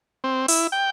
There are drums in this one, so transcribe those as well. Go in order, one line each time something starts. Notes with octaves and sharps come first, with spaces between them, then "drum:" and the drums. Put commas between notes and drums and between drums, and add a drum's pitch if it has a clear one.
C4
E4, drum: open hi-hat
G5